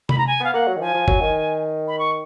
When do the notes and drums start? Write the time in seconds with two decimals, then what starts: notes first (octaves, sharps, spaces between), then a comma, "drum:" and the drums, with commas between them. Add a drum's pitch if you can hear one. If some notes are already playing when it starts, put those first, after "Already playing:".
0.09 B5, drum: tom
0.18 A#5
0.27 G#5
0.40 B3 F5
0.54 A#3 F#5
0.68 F#3
0.76 D#3
0.81 F3 G#5
0.94 F3
1.08 F#3, drum: kick F#1
1.21 D#3
1.88 B5
1.99 C#6